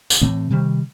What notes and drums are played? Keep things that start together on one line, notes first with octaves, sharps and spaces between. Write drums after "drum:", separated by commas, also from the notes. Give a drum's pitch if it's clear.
drum: tambourine
A2 E3 A3 C4
C3 D#3 G3